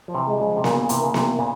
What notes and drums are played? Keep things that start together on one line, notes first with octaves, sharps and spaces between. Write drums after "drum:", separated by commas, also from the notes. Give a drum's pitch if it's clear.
F3
C3 E3
G3 G#3
C#3 F3
C3
A#2 C#3 A#3, drum: snare B3
C#3
C3 E3, drum: hi-hat
C#3 A#3
C3 E3, drum: snare B3
A#2 C#3